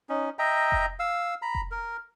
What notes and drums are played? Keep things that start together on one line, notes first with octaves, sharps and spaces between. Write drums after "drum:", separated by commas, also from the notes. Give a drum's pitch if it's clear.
C#4 D#4
D#5 E5 G5 A#5
drum: kick F1
F5 E6
A#5 B5
drum: kick F1
A#4